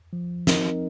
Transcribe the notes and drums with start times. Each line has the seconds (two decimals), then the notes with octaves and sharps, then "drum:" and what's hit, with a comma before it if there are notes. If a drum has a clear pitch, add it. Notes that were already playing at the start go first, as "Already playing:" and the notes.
0.13 F3
0.47 C4 D#4 A#4 D#5, drum: snare